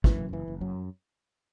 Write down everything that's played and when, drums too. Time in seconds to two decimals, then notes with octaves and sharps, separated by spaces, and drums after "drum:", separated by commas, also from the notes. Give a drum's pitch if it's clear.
0.04 F#2 E3, drum: kick
0.19 F#1
0.33 F#1 E3
0.48 F#1
0.61 F#2 F#3